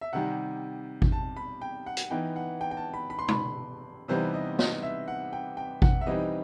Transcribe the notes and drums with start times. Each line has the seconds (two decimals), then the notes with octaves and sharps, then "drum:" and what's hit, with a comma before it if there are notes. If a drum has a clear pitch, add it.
0.01 E5
0.13 C3 D#3 G3 F#5
1.02 drum: kick G#1
1.12 A5
1.37 B5
1.62 G5
1.86 F#5
1.97 drum: hi-hat
2.10 E3 B3 D#4 G5
2.36 F#5
2.61 G5
2.71 G5
2.77 A5
2.94 B5
3.10 B5
3.19 C6
3.28 B5, drum: tom
4.08 C3 E3 G3 B3 D#4 C5
4.34 D#5
4.59 D#5, drum: snare
4.83 E5
5.08 F#5
5.33 G5
5.57 G5
5.82 F#5, drum: kick G#1
6.01 E5
6.06 E3 G3 C4 D#4 D#5